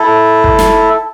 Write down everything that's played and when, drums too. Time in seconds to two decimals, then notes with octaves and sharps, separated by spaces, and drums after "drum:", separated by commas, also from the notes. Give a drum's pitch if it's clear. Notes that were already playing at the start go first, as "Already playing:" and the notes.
Already playing: E4 A4
0.44 drum: kick
0.59 drum: snare